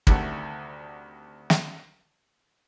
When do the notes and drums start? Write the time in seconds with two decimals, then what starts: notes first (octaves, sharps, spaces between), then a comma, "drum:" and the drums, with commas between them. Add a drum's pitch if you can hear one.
0.07 D2 C3 D#3 G3 A3 F#5, drum: kick
1.50 drum: snare